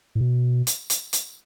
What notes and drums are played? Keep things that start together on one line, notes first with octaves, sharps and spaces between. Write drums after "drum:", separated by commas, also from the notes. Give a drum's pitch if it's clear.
A2
B2
drum: hi-hat
drum: hi-hat
drum: hi-hat